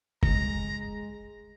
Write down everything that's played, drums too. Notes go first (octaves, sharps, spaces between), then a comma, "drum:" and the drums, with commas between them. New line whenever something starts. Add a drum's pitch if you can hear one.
G#3 A#5, drum: kick